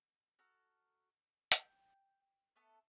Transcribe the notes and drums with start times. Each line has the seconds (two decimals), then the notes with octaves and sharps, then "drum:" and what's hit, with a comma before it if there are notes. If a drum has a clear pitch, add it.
0.39 F#4 A4 A#5 F6
1.52 G5, drum: hi-hat
2.56 A3 B3 A4